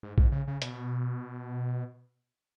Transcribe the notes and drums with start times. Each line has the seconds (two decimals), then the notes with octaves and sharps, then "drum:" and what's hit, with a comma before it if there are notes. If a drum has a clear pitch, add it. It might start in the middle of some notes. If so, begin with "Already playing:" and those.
0.03 G#2
0.18 G#2, drum: kick A#1
0.32 C#3
0.48 C#3
0.62 B2, drum: hi-hat